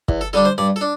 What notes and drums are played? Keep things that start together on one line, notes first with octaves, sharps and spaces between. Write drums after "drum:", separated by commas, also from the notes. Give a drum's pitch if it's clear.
E2, drum: kick
A4
D3 G3 D4 A4
C5
G2 D5
A4
D4